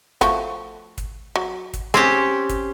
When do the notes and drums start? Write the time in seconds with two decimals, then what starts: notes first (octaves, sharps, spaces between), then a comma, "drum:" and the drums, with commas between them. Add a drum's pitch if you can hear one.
0.21 F3 A3 F#4, drum: kick, hi-hat
0.98 drum: kick, hi-hat
1.36 F#3
1.73 drum: kick, hi-hat
1.94 C4 C#4 G4 G#4
2.49 drum: kick, hi-hat